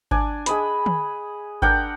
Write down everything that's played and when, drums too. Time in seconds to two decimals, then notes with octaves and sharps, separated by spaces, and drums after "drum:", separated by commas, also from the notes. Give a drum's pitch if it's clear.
0.11 D4 G#5, drum: kick G#1
0.46 G#4 D#5 B5, drum: hi-hat
0.86 drum: tom
1.62 D4 A#4 F#5 G5, drum: kick G#1